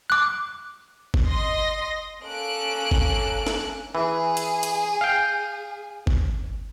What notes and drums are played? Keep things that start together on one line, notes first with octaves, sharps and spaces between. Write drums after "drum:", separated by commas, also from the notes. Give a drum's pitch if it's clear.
D6 F#6
drum: kick G1
D#5 C6 D#6 A#6
A#3 C#4 A4 F#6 D7
drum: kick G1
drum: snare
E3 G#4
drum: hi-hat
drum: hi-hat
F5 G5
drum: kick G1